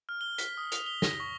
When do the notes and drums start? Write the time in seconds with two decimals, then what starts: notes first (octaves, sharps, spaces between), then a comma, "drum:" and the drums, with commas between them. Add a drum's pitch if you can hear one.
0.09 F6
0.21 G7
0.38 B6, drum: hi-hat
0.57 D#6
0.72 F7, drum: hi-hat
0.86 G7
1.02 A#6, drum: snare
1.20 C#6